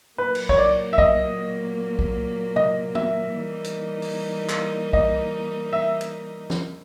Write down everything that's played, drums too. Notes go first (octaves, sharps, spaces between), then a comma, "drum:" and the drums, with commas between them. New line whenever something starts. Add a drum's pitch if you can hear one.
A#2 F#3 A#3 B4
drum: cymbal
C#5, drum: kick
D5
E5
D#5, drum: kick
drum: kick
D#5, drum: tom
E5, drum: tom
E3 G3 A#3 D#4
drum: hi-hat
drum: open hi-hat
drum: clap
D#5, drum: kick
E5
drum: hi-hat
drum: snare